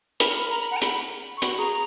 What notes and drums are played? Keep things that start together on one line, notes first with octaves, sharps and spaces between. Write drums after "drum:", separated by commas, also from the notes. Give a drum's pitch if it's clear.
A#4 B5, drum: hi-hat
B5
B5
A#5
B5
F#5
A#5
B5, drum: hi-hat
C#6
F#4 B5, drum: hi-hat
G#4 A#5